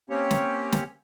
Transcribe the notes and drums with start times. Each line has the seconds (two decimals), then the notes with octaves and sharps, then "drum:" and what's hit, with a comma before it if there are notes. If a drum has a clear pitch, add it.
0.10 A#3 C4 C#4 G4 C#5
0.31 drum: snare
0.72 drum: snare